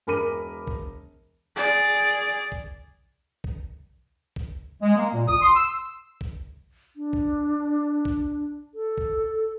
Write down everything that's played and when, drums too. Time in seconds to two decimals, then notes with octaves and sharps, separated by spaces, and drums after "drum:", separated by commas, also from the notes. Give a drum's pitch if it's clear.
0.07 E1 A#4 B5 D6 D#7
0.67 drum: kick
1.56 G#4 D5
2.52 drum: kick
3.44 drum: kick
4.36 drum: kick
4.82 G#3
4.97 A#3
5.14 A#2
5.28 D#6, drum: kick
5.42 C6
5.56 E6
6.21 drum: kick
6.96 D4
7.13 drum: kick
8.05 drum: kick
8.74 A4
8.98 drum: kick